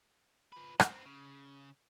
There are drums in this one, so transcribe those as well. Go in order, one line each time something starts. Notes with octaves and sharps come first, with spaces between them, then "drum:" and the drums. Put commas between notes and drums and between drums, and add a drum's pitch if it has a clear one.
F3 B4
B3 C4, drum: rim click
C#3